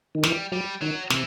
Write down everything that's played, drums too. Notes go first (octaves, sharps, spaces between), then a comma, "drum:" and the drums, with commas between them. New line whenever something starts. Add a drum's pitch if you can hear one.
D#3
E3 G3, drum: snare
F#3 G3
D#3 F#3
C3 E3, drum: snare